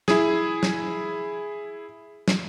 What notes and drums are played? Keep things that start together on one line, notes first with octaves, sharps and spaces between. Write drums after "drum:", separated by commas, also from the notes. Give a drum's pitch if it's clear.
E4 G#4, drum: snare
drum: snare
drum: snare